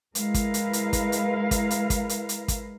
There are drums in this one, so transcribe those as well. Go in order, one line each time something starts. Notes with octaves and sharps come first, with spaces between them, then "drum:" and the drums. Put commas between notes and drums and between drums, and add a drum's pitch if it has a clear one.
G#3 E4 A#4 B4 F5, drum: hi-hat
drum: kick, hi-hat
drum: hi-hat
drum: hi-hat
drum: kick, hi-hat
drum: hi-hat
drum: kick, hi-hat
drum: hi-hat
drum: kick, hi-hat
drum: hi-hat
drum: hi-hat
drum: kick, hi-hat